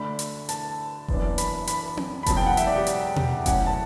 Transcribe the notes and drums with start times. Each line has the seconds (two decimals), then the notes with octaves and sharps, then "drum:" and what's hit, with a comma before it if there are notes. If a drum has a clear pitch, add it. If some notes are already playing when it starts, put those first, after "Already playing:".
Already playing: D2 D3 A3 D4 B5
0.19 drum: hi-hat
0.49 A5, drum: hi-hat
1.08 F#1 F#2 E3 B3 D4, drum: kick F1
1.38 B5, drum: hi-hat
1.67 B5, drum: hi-hat
1.97 drum: tom C4
2.23 B5
2.26 E1 E2 C#3 F#3 A5, drum: kick F1, hi-hat
2.37 G5
2.46 F#5
2.57 E5, drum: hi-hat
2.67 D5
2.76 G4
2.87 drum: hi-hat
3.16 drum: tom B2
3.46 B1 A2 F#3 C#4 F#5, drum: kick F1, hi-hat
3.66 A5